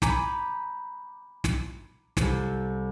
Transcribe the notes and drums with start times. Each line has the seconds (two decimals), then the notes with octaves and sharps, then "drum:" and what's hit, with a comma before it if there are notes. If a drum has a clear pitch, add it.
0.02 G#5 A#5 B5 D6 G6 B6, drum: snare
1.44 drum: snare
2.17 C2 A4 C5, drum: snare